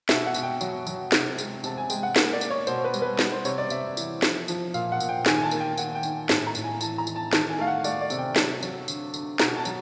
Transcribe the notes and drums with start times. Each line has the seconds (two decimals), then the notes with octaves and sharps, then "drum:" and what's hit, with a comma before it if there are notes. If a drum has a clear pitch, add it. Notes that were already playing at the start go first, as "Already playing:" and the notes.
0.09 B2 E5, drum: snare
0.26 F#5
0.34 B2, drum: tambourine
0.43 G5
0.61 F#3, drum: tambourine
0.87 F#3, drum: tambourine
1.12 C3, drum: snare
1.38 G#3, drum: tambourine
1.64 C3 A5, drum: tambourine
1.77 G#5
1.90 G#3 G5, drum: tambourine
2.03 F#5
2.16 A#3, drum: snare
2.33 D5
2.41 A#3, drum: tambourine
2.50 C#5
2.67 B2 C5, drum: tambourine
2.84 B4
2.94 G3, drum: tambourine
3.02 B4
3.19 G3 B4, drum: snare
3.32 C5
3.45 C3 C#5, drum: tambourine
3.58 D5
3.70 C3 E5, drum: tambourine
3.97 E3, drum: tambourine
4.22 F3, drum: snare
4.48 F3, drum: tambourine
4.74 A#2 F5, drum: tambourine
4.92 F#5
5.00 A#2, drum: tambourine
5.09 G5
5.26 D#3 G#5, drum: snare
5.38 G#5
5.43 A5
5.51 A#3, drum: tambourine
5.60 G5
5.78 D#3 F#5, drum: tambourine
5.95 G5
6.03 D#3, drum: tambourine
6.29 A2 A5, drum: snare
6.47 A#5
6.55 A2, drum: tambourine
6.64 G#5
6.81 E3 A5, drum: tambourine
6.98 A#5
7.07 E3, drum: tambourine
7.16 A5
7.33 D#3 A5, drum: snare
7.50 G#5
7.59 A3 F5
7.67 F#5
7.84 A3 D5, drum: tambourine
8.01 D5
8.10 C3, drum: tambourine
8.18 G5
8.36 F#3 A5, drum: snare
8.63 F#3, drum: tambourine
8.88 D3, drum: tambourine
9.14 D3, drum: tambourine
9.40 B2 A#5, drum: snare
9.57 A5
9.65 F#3, drum: tambourine